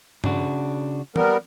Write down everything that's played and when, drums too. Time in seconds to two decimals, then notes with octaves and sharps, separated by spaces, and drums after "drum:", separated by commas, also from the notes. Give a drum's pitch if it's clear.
0.24 C#3 D4 F#4, drum: tom G2
1.16 G3 B3 A#4, drum: tom